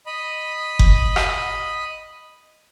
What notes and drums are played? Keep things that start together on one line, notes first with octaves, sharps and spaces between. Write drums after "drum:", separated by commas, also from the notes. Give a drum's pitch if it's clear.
D#5 B5
drum: kick F#1
drum: rim click